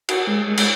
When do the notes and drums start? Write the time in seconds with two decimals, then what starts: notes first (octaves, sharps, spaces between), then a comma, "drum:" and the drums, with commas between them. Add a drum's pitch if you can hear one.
0.09 F#4, drum: cymbal
0.27 G#3
0.47 G#3
0.57 G#3, drum: cymbal